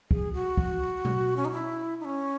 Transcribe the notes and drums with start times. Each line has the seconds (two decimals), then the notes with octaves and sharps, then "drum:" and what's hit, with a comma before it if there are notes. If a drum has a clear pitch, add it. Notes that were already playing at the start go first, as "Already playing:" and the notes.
0.11 G#4, drum: kick
0.34 F#4
0.57 drum: kick
1.05 drum: tom B2
1.36 C#4
1.45 D#4
1.52 E4
2.00 D#4
2.05 C#4